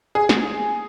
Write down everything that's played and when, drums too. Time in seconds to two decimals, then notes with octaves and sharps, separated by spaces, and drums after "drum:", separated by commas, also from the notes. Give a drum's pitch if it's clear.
0.15 G#4
0.29 drum: snare